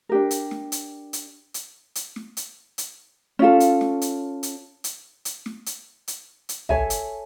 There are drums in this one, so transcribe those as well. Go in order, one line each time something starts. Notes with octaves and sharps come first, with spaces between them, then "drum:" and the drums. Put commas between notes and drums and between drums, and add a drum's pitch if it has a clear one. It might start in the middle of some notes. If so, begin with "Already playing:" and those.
D4 G4 A#4
drum: hi-hat
drum: snare
drum: hi-hat
drum: hi-hat
drum: hi-hat
drum: hi-hat
drum: snare
drum: hi-hat
drum: hi-hat
C#4 F4 A4
drum: hi-hat
drum: snare
drum: hi-hat
drum: hi-hat
drum: hi-hat
drum: hi-hat
drum: snare
drum: hi-hat
drum: hi-hat
drum: hi-hat
A4 C#5 E5 G#5, drum: tom
drum: hi-hat